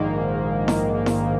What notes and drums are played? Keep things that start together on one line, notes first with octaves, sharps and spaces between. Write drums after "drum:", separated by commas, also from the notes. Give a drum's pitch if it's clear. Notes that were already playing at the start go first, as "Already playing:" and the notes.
Already playing: A#1 G#2 D#3 A#3
drum: snare E4
drum: snare E4